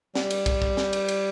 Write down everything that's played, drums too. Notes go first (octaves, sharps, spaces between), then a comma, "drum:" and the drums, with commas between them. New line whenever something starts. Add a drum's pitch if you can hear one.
G3, drum: snare
drum: cymbal
drum: kick, cymbal
drum: kick
drum: snare
drum: cymbal
drum: cymbal